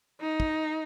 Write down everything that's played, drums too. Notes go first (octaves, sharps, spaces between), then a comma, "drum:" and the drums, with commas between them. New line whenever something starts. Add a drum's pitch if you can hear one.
D#4
drum: kick